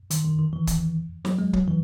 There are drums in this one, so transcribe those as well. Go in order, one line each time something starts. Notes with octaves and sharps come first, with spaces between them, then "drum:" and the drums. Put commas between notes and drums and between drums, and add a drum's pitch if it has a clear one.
D#3, drum: hi-hat
D#3
D#3
E3
drum: kick, hi-hat
F#3, drum: snare
G#3
F#3, drum: kick
E3